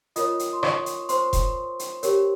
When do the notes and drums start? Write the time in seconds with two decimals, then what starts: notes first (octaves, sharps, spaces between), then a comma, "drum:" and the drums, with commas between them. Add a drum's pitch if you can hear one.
0.16 F4 A#4 C#5 D#5 D#6, drum: hi-hat
0.39 drum: hi-hat
0.53 C6
0.63 C#5 C#6, drum: rim click
0.86 drum: hi-hat
1.09 C5 C6, drum: hi-hat
1.33 drum: kick F1, hi-hat
1.79 drum: hi-hat
2.03 G4 A#4 C#5, drum: hi-hat